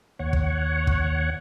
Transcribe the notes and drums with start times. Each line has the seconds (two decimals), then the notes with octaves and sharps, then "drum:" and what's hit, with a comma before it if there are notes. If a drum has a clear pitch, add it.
0.19 D#2 C#5 F#5
0.33 drum: kick
0.87 drum: kick